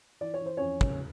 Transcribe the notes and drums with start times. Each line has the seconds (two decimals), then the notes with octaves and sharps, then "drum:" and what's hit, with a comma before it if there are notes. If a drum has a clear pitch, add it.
0.21 E3 D5
0.34 C#5
0.41 E3
0.46 C5
0.57 F2 C#4 C#5
0.81 C#3, drum: kick